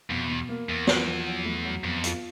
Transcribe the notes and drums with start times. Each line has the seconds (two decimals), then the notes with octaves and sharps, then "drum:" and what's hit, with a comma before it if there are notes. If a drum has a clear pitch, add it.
0.10 F2 B2
0.25 E2
0.30 B2
0.49 A#3
0.69 E2 A#3
0.87 F3, drum: snare
1.07 F3
1.26 F#3
1.45 A3
1.65 F#3
1.84 F2 B3
2.04 F4, drum: hi-hat